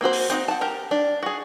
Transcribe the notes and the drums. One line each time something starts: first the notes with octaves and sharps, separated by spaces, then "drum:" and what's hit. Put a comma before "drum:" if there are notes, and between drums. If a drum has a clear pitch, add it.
A#3 C4 F#4 C5
drum: open hi-hat
C4 D#4 F#4, drum: hi-hat
F#5 A5
G4 A#4 A#5
D4
F#4 G#4